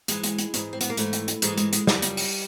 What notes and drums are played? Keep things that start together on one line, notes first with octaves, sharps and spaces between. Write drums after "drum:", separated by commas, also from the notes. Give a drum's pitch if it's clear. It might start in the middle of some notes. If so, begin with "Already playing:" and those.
G#2 E3 G#3, drum: hi-hat
drum: hi-hat
drum: hi-hat
G#2 E3, drum: hi-hat
C4
B3, drum: hi-hat
A#3
G#2 E3 A3, drum: hi-hat
drum: hi-hat
drum: hi-hat
G#2 E3 G#3, drum: hi-hat
G#3, drum: hi-hat
G#3, drum: hi-hat
F#2 C#3 F3 G3, drum: snare
drum: hi-hat
drum: open hi-hat